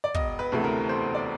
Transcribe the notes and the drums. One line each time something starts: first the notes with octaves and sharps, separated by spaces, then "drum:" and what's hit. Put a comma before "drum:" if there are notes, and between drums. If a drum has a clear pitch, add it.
D5
E1 D#5, drum: kick
B4
D2 C3 E3 A3
A#4
E1 C5
D5